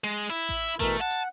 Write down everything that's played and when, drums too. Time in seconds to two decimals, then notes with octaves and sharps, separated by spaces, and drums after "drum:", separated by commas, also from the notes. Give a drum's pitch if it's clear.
0.04 G#3
0.30 E4
0.49 drum: kick A1
0.80 B2 E3 A3 A#4, drum: kick A1, hi-hat
1.01 F#5 A5
1.11 drum: hi-hat